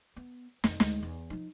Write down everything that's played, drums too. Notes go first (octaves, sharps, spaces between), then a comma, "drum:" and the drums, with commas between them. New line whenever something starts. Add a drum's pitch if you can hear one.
B3
F2 E3, drum: snare
D2 G#3, drum: snare
E2
F3 D#4